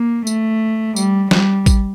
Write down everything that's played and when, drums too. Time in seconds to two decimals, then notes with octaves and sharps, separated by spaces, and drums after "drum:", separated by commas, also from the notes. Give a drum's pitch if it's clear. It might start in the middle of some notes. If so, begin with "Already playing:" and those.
Already playing: A#3
0.27 A3, drum: tambourine
0.96 G3, drum: tambourine
1.31 G3, drum: snare
1.66 drum: kick A1, tambourine